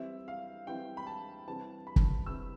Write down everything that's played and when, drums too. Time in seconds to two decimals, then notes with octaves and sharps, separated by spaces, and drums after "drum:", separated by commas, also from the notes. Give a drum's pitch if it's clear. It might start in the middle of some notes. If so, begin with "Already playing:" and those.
Already playing: E3 G3 C4 E4 E5
0.28 F5
0.67 E3 G3 C4 E4 G5
0.97 B5
1.07 A5
1.47 C3 E3 G3 C4 A5
1.87 B5
1.96 drum: kick
2.26 C3 E3 G3 C4 E6